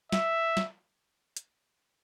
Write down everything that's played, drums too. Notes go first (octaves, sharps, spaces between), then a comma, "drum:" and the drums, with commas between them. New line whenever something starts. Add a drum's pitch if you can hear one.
E5, drum: snare
drum: snare
drum: hi-hat